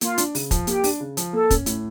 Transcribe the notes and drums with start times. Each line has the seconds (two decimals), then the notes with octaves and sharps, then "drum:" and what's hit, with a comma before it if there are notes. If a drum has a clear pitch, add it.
0.01 A#3 F4, drum: hi-hat
0.18 D4, drum: hi-hat
0.35 C#3, drum: open hi-hat
0.51 F3, drum: kick, hi-hat
0.67 A#3 G4, drum: hi-hat
0.84 D4, drum: open hi-hat
1.00 C#3
1.17 F3, drum: hi-hat
1.33 A#3 A4
1.50 C#4, drum: kick, hi-hat
1.66 A2, drum: hi-hat